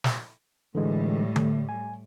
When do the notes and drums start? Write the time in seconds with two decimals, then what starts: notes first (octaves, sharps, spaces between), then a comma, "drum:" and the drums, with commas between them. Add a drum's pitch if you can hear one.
0.04 drum: snare
0.75 A2 D3 E3 G3 G#3
1.36 A3, drum: tom D3
1.69 G#5